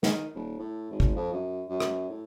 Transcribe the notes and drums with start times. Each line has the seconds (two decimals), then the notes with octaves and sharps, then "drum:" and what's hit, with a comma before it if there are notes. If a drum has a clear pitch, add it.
0.03 D#3, drum: snare
0.35 D#1
0.59 A2
0.91 G#1
1.00 drum: kick
1.16 F2
1.32 F#2
1.69 F#2
1.80 drum: rim click
2.09 A2